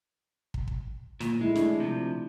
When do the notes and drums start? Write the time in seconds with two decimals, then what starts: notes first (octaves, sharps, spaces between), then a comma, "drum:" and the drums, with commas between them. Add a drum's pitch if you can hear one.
0.54 drum: kick
0.68 drum: kick
1.20 A#2, drum: snare
1.41 G#3 A3 E4
1.55 D4 E4, drum: snare
1.80 C3 F3